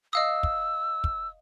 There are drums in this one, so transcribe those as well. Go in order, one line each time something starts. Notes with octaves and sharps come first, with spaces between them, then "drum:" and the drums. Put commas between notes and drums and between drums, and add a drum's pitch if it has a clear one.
D#5 F5 D#6 E6
drum: kick
drum: kick